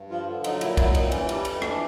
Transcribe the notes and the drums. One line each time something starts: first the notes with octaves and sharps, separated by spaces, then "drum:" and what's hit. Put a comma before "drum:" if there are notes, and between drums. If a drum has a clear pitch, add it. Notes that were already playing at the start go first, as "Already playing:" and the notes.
Already playing: G2
F3 F4
D3
F#3 D#4, drum: cymbal
A#2 E4, drum: cymbal
F#3 E4, drum: kick, cymbal
A#2 D#4, drum: cymbal
C4
E3 C#4, drum: cymbal
G3 D4, drum: cymbal
F2, drum: cymbal
E3 D4, drum: rim click